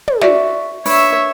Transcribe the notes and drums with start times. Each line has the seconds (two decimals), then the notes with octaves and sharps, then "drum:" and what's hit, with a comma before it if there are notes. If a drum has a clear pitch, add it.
0.08 drum: tom
0.21 F#4 D5 E5, drum: snare
0.86 D4 B4 C#5 E5, drum: open hi-hat